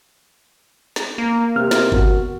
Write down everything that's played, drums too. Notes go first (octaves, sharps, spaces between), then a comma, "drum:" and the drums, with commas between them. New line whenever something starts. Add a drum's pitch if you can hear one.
drum: snare
A#3
C3 B3 F6
drum: snare
F#4, drum: kick G1